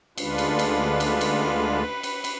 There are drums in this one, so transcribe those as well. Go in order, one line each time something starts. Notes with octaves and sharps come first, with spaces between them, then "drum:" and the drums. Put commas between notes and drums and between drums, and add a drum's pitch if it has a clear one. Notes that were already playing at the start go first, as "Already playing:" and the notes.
D2 D3 G#3 D4 F4 B4, drum: cymbal
drum: cymbal
drum: cymbal
drum: cymbal
drum: cymbal
drum: cymbal
drum: cymbal